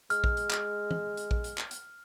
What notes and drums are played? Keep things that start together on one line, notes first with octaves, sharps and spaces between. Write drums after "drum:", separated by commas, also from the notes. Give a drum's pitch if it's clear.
G#3 F6, drum: hi-hat
drum: kick A#1
drum: hi-hat
drum: clap
drum: tom
drum: hi-hat
drum: kick A#1
drum: hi-hat
drum: clap
drum: hi-hat